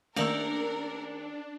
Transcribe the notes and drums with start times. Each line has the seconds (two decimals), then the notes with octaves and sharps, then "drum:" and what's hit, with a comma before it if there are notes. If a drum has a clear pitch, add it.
0.16 D#3 A3 A#3 C#4 D4 A#4 D5 E6, drum: cymbal